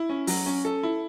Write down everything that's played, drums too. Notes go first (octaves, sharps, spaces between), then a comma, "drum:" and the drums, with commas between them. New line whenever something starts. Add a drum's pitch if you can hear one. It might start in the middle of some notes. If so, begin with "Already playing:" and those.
Already playing: E4
C#4
F#3, drum: open hi-hat
C#4
A4
E4